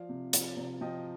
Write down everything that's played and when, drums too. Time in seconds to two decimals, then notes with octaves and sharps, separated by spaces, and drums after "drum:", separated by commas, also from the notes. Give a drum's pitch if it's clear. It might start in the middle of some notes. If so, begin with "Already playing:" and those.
Already playing: F3 D5 F5
0.09 C3
0.33 F3, drum: hi-hat
0.57 C3
0.81 F3 D#5 G5